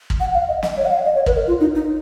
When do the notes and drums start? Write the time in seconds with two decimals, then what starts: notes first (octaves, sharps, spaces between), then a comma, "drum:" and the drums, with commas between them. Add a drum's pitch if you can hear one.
0.10 drum: kick
0.20 F#5
0.34 F5
0.48 D#5
0.63 D#5, drum: snare
0.77 C#5
0.85 F#5
0.91 F5
1.05 D#5
1.16 C#5
1.26 B4, drum: kick
1.36 A#4
1.47 F4
1.60 D#4
1.75 D#4